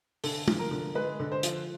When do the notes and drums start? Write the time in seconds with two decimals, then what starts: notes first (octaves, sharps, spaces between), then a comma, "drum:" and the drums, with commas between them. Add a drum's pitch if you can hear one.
0.24 D3 A4, drum: open hi-hat
0.48 F3, drum: tom
0.59 A#4
0.71 D3
0.95 G#3 B4
1.20 D3
1.32 C5
1.43 F3, drum: hi-hat